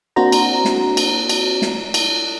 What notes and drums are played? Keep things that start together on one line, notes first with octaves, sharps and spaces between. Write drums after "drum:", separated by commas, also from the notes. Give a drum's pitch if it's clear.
A#3 C4 D4 F#4 C5 A#5
drum: cymbal
drum: snare
drum: cymbal
drum: cymbal
drum: snare
drum: cymbal